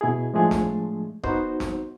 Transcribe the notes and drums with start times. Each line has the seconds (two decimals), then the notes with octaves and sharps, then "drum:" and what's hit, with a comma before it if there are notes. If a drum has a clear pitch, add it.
0.01 B2 E4 G#4
0.33 A2 F3 G#3 A3 D4 G#4
0.51 drum: snare
1.23 B3 D#4 F#4 C5, drum: kick D#1
1.60 drum: snare